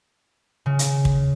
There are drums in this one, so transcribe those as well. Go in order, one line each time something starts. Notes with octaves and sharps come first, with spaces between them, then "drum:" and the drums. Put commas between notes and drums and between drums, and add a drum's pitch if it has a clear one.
C#3
drum: hi-hat
drum: kick